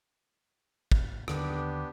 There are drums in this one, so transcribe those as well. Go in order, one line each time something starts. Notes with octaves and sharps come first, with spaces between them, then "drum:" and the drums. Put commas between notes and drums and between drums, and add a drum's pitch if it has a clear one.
drum: kick
D#2 D3 B3 D4 G4, drum: rim click